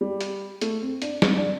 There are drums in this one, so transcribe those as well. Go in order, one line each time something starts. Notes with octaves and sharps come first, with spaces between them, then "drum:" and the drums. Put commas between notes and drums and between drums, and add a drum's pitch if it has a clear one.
G3
drum: hi-hat
A3, drum: hi-hat
C4
D4, drum: hi-hat
C4, drum: snare
D4